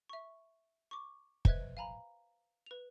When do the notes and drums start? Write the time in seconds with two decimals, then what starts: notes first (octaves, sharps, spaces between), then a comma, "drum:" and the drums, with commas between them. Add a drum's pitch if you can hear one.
0.09 E5 C#6
0.91 C#6 D6
1.45 B4 C5 D#5 E5 F#6 G#6, drum: kick
1.77 F5 G#5 A#5 B5
2.66 B4 F7